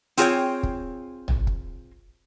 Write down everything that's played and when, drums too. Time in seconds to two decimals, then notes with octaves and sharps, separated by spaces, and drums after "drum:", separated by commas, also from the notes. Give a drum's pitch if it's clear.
0.17 C4 F4 G#4 A#4 C#5 G5, drum: hi-hat
0.63 drum: kick
1.28 drum: tom
1.47 drum: kick